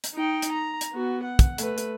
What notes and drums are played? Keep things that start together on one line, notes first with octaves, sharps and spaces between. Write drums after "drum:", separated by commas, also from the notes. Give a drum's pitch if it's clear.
drum: hi-hat
D#4 G5
drum: hi-hat
A#5
drum: hi-hat
B3 F#4
F#5
drum: kick, hi-hat
A3 B4, drum: hi-hat
drum: hi-hat